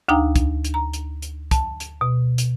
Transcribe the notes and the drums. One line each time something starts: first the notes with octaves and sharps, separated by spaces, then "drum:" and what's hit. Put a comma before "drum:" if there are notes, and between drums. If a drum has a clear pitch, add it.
D2 D4 D#4 F5 G5 A#5
drum: kick, hi-hat
drum: hi-hat
A#5
drum: hi-hat
drum: hi-hat
A5, drum: kick, hi-hat
drum: hi-hat
B2
drum: hi-hat